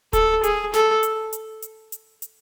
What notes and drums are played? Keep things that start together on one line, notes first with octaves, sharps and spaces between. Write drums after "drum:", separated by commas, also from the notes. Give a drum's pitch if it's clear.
A4, drum: kick D1, hi-hat
G#4, drum: hi-hat
A4, drum: snare
drum: hi-hat
drum: hi-hat
drum: hi-hat
drum: hi-hat
drum: hi-hat